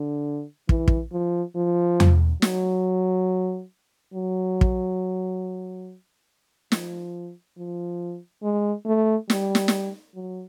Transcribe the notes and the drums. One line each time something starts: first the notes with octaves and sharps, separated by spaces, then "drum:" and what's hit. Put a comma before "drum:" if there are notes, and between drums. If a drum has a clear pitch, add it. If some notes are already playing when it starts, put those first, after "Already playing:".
Already playing: D3
E3, drum: kick
drum: kick
F3
F3
drum: tom E2
F#3, drum: snare
F#3
drum: kick
F3, drum: snare
F3
G#3
A3
G3, drum: snare
drum: snare
drum: snare
F#3